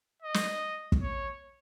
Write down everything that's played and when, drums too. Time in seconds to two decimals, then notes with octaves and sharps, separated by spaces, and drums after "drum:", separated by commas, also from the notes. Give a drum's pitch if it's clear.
0.22 D#5
0.34 drum: snare
0.92 drum: kick
1.02 C#5